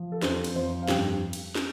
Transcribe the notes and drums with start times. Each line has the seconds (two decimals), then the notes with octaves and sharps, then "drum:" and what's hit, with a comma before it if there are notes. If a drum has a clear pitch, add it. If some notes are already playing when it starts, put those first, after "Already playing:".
Already playing: F3
0.12 A4
0.22 F2 C5, drum: snare
0.44 drum: cymbal
0.55 F2 C5
0.82 F5
0.88 G2 G5, drum: snare
1.33 drum: cymbal
1.55 drum: snare